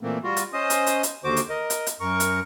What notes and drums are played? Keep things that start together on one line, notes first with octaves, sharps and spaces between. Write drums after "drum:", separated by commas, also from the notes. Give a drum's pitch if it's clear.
A#2 E3 A3 A#3 C4
G3 F4 F#4
drum: hi-hat
C#4 C5 D#5 D#6
drum: hi-hat
drum: hi-hat
drum: hi-hat
D#2 D3 F#4 C5 D6
drum: hi-hat
A#4 D#5
drum: hi-hat
drum: hi-hat
F#2 A#4 C#6
drum: hi-hat